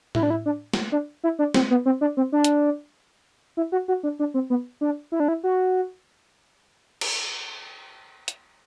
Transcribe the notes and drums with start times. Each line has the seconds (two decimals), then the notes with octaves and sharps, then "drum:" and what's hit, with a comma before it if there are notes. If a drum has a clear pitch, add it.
0.15 E4, drum: tom A2
0.23 D4
0.30 E4
0.46 D4
0.73 drum: snare
0.92 D4
1.24 E4
1.39 D4
1.54 C4, drum: snare
1.71 B3
1.86 C4
2.01 D4
2.17 C4
2.32 D4
2.44 drum: hi-hat
3.57 E4
3.72 F#4
3.88 F#4
4.03 D4
4.19 D4
4.34 C4
4.50 B3
4.81 D4
5.12 E4
5.20 D4
5.28 E4
5.44 F#4
7.01 drum: cymbal
8.28 drum: hi-hat